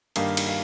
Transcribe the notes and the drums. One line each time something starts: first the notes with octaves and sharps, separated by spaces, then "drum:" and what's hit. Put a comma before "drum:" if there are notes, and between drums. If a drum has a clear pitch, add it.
G2 D#3 G3 A#3 D#4 F5, drum: cymbal
drum: cymbal
F5